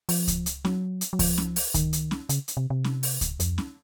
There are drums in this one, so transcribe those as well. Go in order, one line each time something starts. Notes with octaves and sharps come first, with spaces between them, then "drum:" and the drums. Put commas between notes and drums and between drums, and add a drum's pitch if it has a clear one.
F3, drum: open hi-hat
drum: kick C#2, hi-hat
drum: hi-hat
F#3, drum: snare C#4
drum: hi-hat
F#3
F3, drum: kick C#2, open hi-hat
drum: snare C#4
drum: open hi-hat
D#3, drum: kick C#2, hi-hat
drum: hi-hat
drum: snare C#4
C#3, drum: hi-hat
drum: hi-hat
C3
C3
drum: snare C#4
drum: open hi-hat
drum: kick C#2, hi-hat
F2, drum: hi-hat
drum: snare C#4